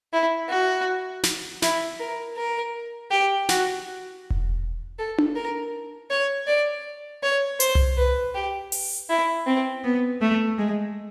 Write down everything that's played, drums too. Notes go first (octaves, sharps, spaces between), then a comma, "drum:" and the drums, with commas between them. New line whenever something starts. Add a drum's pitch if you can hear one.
E4
F#4
drum: snare
E4, drum: snare
A#4
A#4
G4
F#4, drum: snare
drum: kick E1
A4
drum: tom D4
A#4
C#5
D5
C#5
C5, drum: hi-hat
drum: tom C2
B4
G4
drum: open hi-hat
E4
C4
B3
A3
G#3